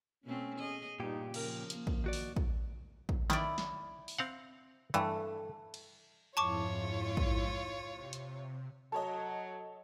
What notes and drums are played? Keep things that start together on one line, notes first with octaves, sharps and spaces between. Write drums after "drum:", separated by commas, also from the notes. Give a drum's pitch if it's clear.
B2 A3 C4 C#4
G#4 D#5
G2 A#2 D#4 G4
C#3 F3 A#4, drum: cymbal
A#3, drum: hi-hat
drum: kick
D#3 F#4 D5
drum: open hi-hat
drum: kick
drum: kick
D#3 E4 D5, drum: snare
drum: snare
drum: open hi-hat
C4 F5 F#5
G2 E3 A3
drum: cymbal
F2 G#2 E4 F4 C#5 A5 C#6 D6
drum: kick
C3
drum: hi-hat
F#3 A4 C#5 D#5 A5